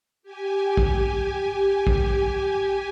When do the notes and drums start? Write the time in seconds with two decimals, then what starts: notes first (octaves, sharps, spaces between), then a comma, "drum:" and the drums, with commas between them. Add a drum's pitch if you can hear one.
0.23 G4 G#5
0.77 drum: kick
1.87 drum: kick